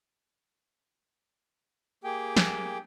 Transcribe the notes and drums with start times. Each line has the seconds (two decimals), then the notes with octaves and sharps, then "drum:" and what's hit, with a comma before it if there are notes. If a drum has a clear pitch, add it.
2.04 A#3 G4 G#4 G5
2.36 drum: snare